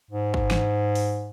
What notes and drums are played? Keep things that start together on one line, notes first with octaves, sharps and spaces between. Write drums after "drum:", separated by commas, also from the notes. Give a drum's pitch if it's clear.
G#2
drum: kick
drum: snare
drum: open hi-hat